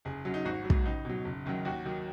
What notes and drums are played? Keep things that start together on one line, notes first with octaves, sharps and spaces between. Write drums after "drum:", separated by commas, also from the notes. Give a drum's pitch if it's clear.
F#1 G#4
F#2 F#3
D#4
G#1 F#4
F#3
G#2, drum: kick
C#2 D#4
B2 F#3
F#1
F#2 D#3 F#3
D#2 F#4
D#3 F#3